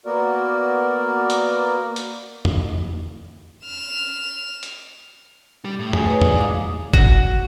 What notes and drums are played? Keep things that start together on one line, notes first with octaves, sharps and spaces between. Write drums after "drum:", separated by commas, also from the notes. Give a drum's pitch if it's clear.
A#3 B3 F#4 A#4 D5
drum: hi-hat
drum: hi-hat
drum: tom
F6 E7
drum: hi-hat
G3
A2
G#4, drum: tom
B4 C#5
G#2 D5, drum: tom
F5 D6 D#6
F#4, drum: kick F#1